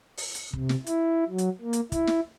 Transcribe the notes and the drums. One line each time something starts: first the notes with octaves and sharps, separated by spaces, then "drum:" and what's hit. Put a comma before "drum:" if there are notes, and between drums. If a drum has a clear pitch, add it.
drum: open hi-hat
drum: hi-hat
C3, drum: kick
drum: snare
E4, drum: hi-hat
F#3
drum: hi-hat
A#3
drum: hi-hat
E4, drum: kick, hi-hat
drum: snare